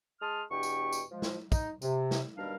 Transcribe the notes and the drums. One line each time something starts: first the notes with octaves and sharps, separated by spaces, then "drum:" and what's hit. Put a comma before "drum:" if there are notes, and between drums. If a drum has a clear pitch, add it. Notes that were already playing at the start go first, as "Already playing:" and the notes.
G#3 A5 C6 D#6 F6
E2 B2 D4 G4 G5 C#6
drum: tambourine
drum: tambourine
F3 G#3
drum: snare
D#4, drum: kick, tambourine
C3, drum: tambourine
drum: snare
D#2 B2 G3 D4 A#4 F5